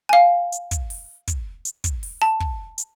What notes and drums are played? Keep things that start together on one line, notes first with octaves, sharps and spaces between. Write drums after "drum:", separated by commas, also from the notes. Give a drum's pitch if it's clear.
F5 G#5
drum: hi-hat
drum: kick, hi-hat
drum: open hi-hat
drum: kick, hi-hat
drum: hi-hat
drum: kick, hi-hat
drum: open hi-hat
A5
drum: kick
drum: hi-hat